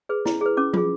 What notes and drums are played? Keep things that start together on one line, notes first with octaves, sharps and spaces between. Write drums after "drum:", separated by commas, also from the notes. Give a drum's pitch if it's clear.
G#4 B4
E4, drum: snare
G#4 B4
C#4 D6
F4 G#4, drum: tom F3